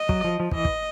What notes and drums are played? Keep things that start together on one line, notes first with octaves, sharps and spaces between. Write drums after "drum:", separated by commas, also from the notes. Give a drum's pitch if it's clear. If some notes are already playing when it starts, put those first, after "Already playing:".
Already playing: D#5
F#3, drum: kick
F3
F3
E3 D#5, drum: kick
drum: kick